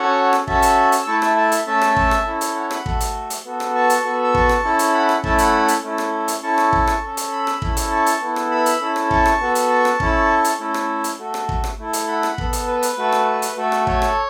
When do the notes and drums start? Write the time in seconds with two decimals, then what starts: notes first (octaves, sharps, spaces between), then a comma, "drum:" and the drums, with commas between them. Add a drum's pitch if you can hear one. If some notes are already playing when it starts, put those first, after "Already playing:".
Already playing: C#4 F#4 A4 C#5 F#5
0.33 drum: rim click
0.47 C#4 F#4 A4 E5 A5, drum: kick
0.62 drum: hi-hat
0.92 drum: hi-hat
1.01 E6
1.07 A3 E4 A4 A5 C#6
1.22 E5 A5, drum: rim click
1.37 E5 A5
1.52 drum: hi-hat
1.66 A3 C#4 A4 E5 A5
1.82 drum: rim click
1.96 drum: kick
2.11 drum: rim click
2.26 C#4 E4 A4
2.41 drum: hi-hat
2.56 C#5 F#5
2.71 F#5 B5, drum: rim click
2.86 A3 F#4 A4, drum: kick
3.01 drum: hi-hat
3.30 drum: hi-hat
3.45 B3 F#4 A4
3.60 drum: rim click
3.75 A5 C#6
3.90 drum: hi-hat
4.04 B3 F#4 A4
4.23 E6
4.35 A5 C#6, drum: kick
4.49 drum: rim click
4.65 C#4 E4 A4
4.79 drum: hi-hat
4.94 F#5 B5
5.09 drum: rim click
5.24 A3 C#4 E4 A4 E5 A5, drum: kick
5.39 F#5 B5, drum: hi-hat
5.68 drum: hi-hat
5.83 A3 C#4 E4 A4
5.98 drum: rim click
6.28 drum: hi-hat
6.43 C#4 E4 A4 A5 C#6
6.58 drum: rim click
6.73 drum: kick
6.87 drum: rim click
7.02 C#4 A4
7.17 drum: hi-hat
7.32 B5 E6
7.47 drum: rim click
7.62 C#4 E4 A4, drum: kick
7.77 drum: hi-hat
7.92 A5 C#6
8.07 drum: hi-hat
8.21 B3 E4 A4
8.36 drum: rim click
8.51 B5 E6
8.66 drum: hi-hat
8.81 C#4 E4 A4
8.96 drum: rim click
9.11 A5 C#6, drum: kick
9.26 drum: rim click
9.40 B3 F#4 A4
9.55 drum: hi-hat
9.70 A5 C#6
9.85 drum: rim click
10.00 C#4 E4 A4, drum: kick
10.45 drum: hi-hat
10.59 A3 C#4 E4 A4
10.74 drum: rim click
11.04 drum: hi-hat
11.19 A3 F#4 A4
11.34 drum: rim click
11.49 drum: kick
11.64 drum: rim click
11.79 A3 E4 A4
11.93 drum: hi-hat
12.08 F#5 B5
12.23 drum: rim click
12.38 B3 A4, drum: kick
12.53 drum: hi-hat
12.68 B4
12.83 drum: hi-hat
12.97 A3 F#4 A4
13.12 drum: rim click
13.42 drum: hi-hat
13.57 A3 F#4 A4
13.72 drum: rim click
13.87 A4 C#5, drum: kick
14.02 drum: rim click